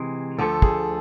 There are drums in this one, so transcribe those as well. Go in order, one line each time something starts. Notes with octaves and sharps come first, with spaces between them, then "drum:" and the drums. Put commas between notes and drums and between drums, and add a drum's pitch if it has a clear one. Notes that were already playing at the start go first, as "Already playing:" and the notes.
Already playing: C3 E3 G#3 C4
D2 D3 F3 A3 A4
G#4, drum: kick